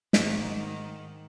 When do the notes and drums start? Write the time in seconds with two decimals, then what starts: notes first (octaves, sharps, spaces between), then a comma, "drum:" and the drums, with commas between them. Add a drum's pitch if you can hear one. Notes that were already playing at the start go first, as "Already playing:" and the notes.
0.13 G#2 D#3, drum: snare